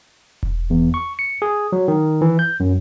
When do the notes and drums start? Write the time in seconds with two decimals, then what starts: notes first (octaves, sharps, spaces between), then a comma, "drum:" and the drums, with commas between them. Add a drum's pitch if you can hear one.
0.43 drum: kick E1
0.70 E2
0.94 C#6
1.19 C#7
1.42 G#4
1.72 F#3
1.88 D#3
2.21 E3
2.39 G6
2.60 F#2